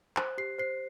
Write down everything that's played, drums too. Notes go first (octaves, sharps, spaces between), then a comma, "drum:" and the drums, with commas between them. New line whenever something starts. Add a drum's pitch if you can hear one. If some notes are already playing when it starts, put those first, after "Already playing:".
C5 F#6, drum: clap
G4 C7
C5 C7